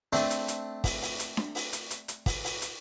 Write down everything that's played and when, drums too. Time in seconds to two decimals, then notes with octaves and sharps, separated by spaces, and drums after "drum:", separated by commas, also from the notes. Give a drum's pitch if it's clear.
0.13 A3 C4 D4, drum: open hi-hat
0.30 drum: hi-hat
0.48 drum: hi-hat
0.84 drum: kick, open hi-hat
1.02 drum: open hi-hat
1.19 drum: hi-hat
1.37 drum: snare D4
1.55 drum: open hi-hat
1.73 drum: hi-hat
1.90 drum: hi-hat
2.08 drum: hi-hat
2.26 drum: kick, open hi-hat
2.44 drum: open hi-hat
2.62 drum: hi-hat